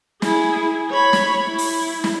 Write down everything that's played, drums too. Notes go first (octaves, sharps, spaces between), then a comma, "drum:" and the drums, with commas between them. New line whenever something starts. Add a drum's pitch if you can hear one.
E4 G#4, drum: snare
C#5 B5
drum: snare
E4
drum: open hi-hat
drum: snare